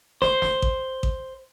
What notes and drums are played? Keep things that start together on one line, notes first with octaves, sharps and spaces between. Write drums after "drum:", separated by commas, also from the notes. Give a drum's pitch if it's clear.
C5, drum: snare
drum: snare
drum: kick A1
drum: kick A1